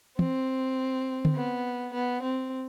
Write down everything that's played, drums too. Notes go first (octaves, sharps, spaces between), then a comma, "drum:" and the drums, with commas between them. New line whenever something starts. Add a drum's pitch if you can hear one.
C4, drum: tom
drum: tom D3
B3
B3
C4